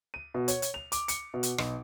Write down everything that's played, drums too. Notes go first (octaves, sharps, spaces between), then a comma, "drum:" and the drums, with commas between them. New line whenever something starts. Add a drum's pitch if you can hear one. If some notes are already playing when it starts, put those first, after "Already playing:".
D#7
B2
C#5, drum: hi-hat
drum: hi-hat
F7
D6, drum: hi-hat
C#7, drum: hi-hat
B2
drum: hi-hat
B1, drum: rim click